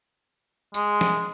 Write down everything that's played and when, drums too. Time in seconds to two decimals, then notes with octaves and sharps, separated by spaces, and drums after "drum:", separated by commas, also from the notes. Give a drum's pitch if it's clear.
0.74 G#3, drum: tambourine
1.01 drum: snare